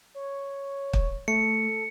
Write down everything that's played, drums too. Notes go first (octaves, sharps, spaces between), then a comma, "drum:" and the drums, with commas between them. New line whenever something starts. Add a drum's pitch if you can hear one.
C#5
drum: kick
A3 A4 C#7